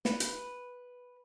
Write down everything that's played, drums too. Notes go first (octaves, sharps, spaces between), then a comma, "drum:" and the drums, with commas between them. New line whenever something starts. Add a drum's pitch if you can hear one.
B4, drum: snare
drum: hi-hat